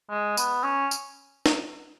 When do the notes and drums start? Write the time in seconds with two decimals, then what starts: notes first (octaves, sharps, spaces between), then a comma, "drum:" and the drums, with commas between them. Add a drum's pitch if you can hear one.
0.09 G#3
0.37 B3, drum: tambourine
0.64 C#4
0.91 drum: tambourine
1.46 drum: snare